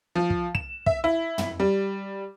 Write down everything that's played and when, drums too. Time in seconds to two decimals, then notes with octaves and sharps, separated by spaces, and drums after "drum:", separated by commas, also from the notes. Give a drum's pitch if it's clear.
0.15 F3
0.30 drum: kick
0.55 E7, drum: kick
0.86 E5, drum: kick
1.04 E4
1.38 drum: tom
1.60 G3